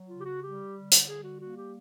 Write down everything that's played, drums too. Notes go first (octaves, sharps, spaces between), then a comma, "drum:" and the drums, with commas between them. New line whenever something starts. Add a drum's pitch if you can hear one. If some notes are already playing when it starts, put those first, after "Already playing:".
Already playing: F#3
C#3 F4
G4
F#4
G3 G4
D3
drum: hi-hat
G3 G#4
F#4
A#3 F#4
G4